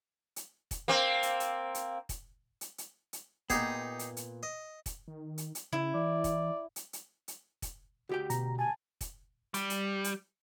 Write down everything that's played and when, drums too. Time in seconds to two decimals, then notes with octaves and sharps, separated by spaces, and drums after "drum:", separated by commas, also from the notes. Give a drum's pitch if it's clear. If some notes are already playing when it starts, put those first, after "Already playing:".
0.36 drum: hi-hat
0.71 drum: kick, hi-hat
0.88 A#3 C4
1.23 drum: hi-hat
1.40 drum: hi-hat
1.75 drum: hi-hat
2.09 drum: kick, hi-hat
2.61 drum: hi-hat
2.78 drum: hi-hat
3.13 drum: hi-hat
3.50 A#2 B3 D#4 G4 G#4, drum: kick, hi-hat
3.99 drum: hi-hat
4.17 drum: hi-hat
4.43 D#5
4.86 drum: kick, hi-hat
5.08 D#3
5.38 drum: hi-hat
5.55 drum: hi-hat
5.73 C#3 E4
5.95 E3 D5
6.24 drum: kick, hi-hat
6.76 drum: hi-hat
6.93 drum: hi-hat
7.28 drum: hi-hat
7.62 drum: kick, hi-hat
8.09 D2 F#4 G4 G5
8.30 B2 A#5, drum: hi-hat
8.59 G#5 A5
9.01 drum: kick, hi-hat
9.54 G3, drum: hi-hat
9.70 drum: hi-hat
10.04 drum: hi-hat